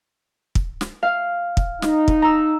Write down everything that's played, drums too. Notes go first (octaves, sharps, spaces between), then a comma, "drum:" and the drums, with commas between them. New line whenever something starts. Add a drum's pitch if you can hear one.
drum: kick
drum: snare
F5
drum: kick
D#4, drum: snare
drum: kick
A#5 E6